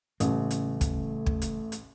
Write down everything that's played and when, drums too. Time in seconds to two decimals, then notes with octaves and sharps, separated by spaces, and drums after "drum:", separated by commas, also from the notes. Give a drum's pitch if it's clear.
0.20 A1 C#3 G3 A3 A#3, drum: hi-hat
0.51 drum: hi-hat
0.81 drum: kick, hi-hat
1.26 drum: kick
1.42 drum: hi-hat
1.72 drum: hi-hat